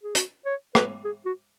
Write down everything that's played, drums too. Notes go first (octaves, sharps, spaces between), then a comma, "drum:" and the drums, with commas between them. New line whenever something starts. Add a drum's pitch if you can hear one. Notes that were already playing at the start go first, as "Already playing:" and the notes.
G#4
F#4, drum: hi-hat
C#5
B4, drum: rim click
G#4
F#4